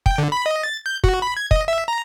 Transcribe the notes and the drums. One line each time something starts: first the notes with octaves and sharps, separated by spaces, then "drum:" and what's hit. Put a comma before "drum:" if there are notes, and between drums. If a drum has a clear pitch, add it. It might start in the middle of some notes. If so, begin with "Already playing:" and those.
G5, drum: kick
D3
B5
D#5
A6
G6
F#4, drum: kick
B5
G#6
D#5, drum: kick
E5
A#5